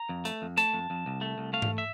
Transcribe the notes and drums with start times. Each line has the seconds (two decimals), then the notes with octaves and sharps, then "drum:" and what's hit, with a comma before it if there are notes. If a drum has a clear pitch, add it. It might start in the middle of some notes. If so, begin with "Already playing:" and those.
Already playing: A#5
0.09 F2
0.25 A3, drum: hi-hat
0.42 F2
0.57 A3 A5, drum: hi-hat
0.74 F2
0.90 F2
1.06 C2
1.21 A3
1.38 C2
1.53 A3 F5
1.62 drum: tom G#2
1.78 E5